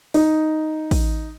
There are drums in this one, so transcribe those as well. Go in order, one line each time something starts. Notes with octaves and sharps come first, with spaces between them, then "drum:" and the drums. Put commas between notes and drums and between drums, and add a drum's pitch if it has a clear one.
D#4, drum: open hi-hat
drum: kick A1, open hi-hat